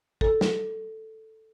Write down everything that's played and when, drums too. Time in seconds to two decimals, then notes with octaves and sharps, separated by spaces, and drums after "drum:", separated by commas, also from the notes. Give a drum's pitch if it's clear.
0.21 A4, drum: kick
0.41 drum: snare